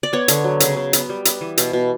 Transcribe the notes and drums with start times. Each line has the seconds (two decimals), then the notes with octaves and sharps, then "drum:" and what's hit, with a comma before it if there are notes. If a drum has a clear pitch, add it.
0.03 D5
0.13 B3 C#5
0.28 D3, drum: hi-hat
0.44 F#3
0.60 C#3, drum: hi-hat
0.77 C#3
0.93 B3, drum: hi-hat
1.10 G3
1.25 B3, drum: hi-hat
1.41 E3
1.57 B2, drum: hi-hat
1.73 B2